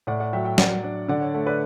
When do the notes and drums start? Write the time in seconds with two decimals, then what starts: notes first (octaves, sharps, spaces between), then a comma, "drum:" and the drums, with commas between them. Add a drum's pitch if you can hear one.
0.07 A2 D5 F#5
0.20 D5 F#5
0.33 F#3 E5 G5
0.45 E5 G5
0.58 F#3 D5 F#5, drum: snare
0.83 D4
1.09 D3 D5 F#5
1.21 C#5
1.34 A3 C#5
1.46 B4 D5